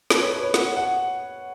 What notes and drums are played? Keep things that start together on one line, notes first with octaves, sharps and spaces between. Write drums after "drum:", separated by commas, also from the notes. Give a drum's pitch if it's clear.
B4, drum: snare
C#5
B4
C#5
F#5, drum: snare
F#5